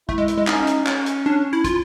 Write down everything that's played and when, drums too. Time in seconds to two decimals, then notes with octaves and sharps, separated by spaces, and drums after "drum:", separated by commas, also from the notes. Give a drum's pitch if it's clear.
0.09 A3 E4, drum: kick
0.18 G#3
0.28 drum: hi-hat
0.38 G#3
0.47 C#4 D#4, drum: clap
0.67 drum: hi-hat
0.86 C#4, drum: clap
1.06 drum: hi-hat
1.26 D4
1.53 E4
1.64 F4, drum: kick, hi-hat